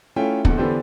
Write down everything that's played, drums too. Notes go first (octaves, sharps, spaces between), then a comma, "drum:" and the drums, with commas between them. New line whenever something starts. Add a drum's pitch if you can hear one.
A3 C#4 E4 F4 E5 G5
A#1 E2 D3, drum: kick
D3 E3 B3 D4 G4 C5